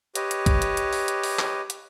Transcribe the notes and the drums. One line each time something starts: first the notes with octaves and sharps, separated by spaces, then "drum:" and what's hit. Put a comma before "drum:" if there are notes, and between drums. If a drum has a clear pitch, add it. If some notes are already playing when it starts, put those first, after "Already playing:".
G4 B4 C#5 D#5, drum: hi-hat
drum: hi-hat
drum: kick, hi-hat
drum: hi-hat
drum: hi-hat
drum: open hi-hat
drum: hi-hat
drum: open hi-hat
drum: clap
drum: hi-hat